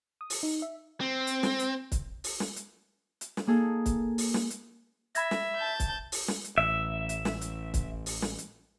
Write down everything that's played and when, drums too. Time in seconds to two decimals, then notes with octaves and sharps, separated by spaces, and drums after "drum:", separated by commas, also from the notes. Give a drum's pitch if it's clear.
0.21 D#6
0.30 drum: open hi-hat
0.43 D#4
0.62 E5
1.00 C4
1.27 drum: hi-hat
1.43 drum: snare
1.59 drum: hi-hat
1.92 drum: kick, hi-hat
2.24 drum: open hi-hat
2.40 drum: snare
2.56 drum: hi-hat
3.21 drum: hi-hat
3.37 drum: snare
3.47 A#3 D#4 G#4 A4
3.86 drum: kick, hi-hat
4.18 drum: open hi-hat
4.34 drum: snare
4.50 drum: hi-hat
5.15 E5 B5 G#6 A#6, drum: hi-hat
5.31 drum: snare
5.56 A5 G6
5.80 drum: kick, hi-hat
6.12 drum: open hi-hat
6.28 drum: snare
6.44 drum: hi-hat
6.58 A1 E5
7.09 drum: hi-hat
7.25 drum: snare
7.41 drum: hi-hat
7.74 drum: kick, hi-hat
8.06 drum: open hi-hat
8.22 drum: snare
8.38 drum: hi-hat